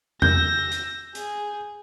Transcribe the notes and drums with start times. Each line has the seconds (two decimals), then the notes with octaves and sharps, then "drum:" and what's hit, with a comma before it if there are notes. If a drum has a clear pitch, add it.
0.22 E6 G6 A#6, drum: tom E2
0.72 drum: hi-hat
1.15 G#4, drum: hi-hat